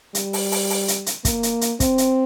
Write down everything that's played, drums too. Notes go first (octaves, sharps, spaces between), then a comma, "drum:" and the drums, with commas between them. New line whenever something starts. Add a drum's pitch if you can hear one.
G3, drum: hi-hat
drum: open hi-hat
drum: open hi-hat
drum: open hi-hat
drum: hi-hat
drum: hi-hat
A#3, drum: kick, hi-hat
drum: hi-hat
drum: hi-hat
C4, drum: kick, hi-hat
drum: hi-hat